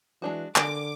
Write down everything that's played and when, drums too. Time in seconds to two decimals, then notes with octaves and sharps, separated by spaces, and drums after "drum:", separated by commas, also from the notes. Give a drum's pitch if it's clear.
0.22 E3 G#3 D4 F#4
0.56 D3 A#4 G#5 D6, drum: clap